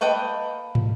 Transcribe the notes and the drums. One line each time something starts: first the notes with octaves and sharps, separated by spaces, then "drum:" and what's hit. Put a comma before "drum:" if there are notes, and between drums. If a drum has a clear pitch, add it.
A#3 A4 B4 D#5 G5
drum: tom